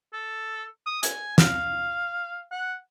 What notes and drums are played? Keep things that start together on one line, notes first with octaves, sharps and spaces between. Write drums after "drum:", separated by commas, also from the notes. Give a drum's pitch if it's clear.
A4
D#6
G#5, drum: hi-hat
F5, drum: snare
F#5